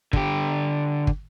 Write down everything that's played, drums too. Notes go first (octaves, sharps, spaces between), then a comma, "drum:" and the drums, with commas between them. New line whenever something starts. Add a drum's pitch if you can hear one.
D3 G4, drum: kick
drum: kick